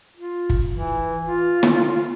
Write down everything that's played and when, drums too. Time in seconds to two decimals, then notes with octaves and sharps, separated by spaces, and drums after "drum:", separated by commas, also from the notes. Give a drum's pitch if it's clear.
0.16 F4
0.50 drum: kick
0.73 E3
1.25 F4
1.63 drum: snare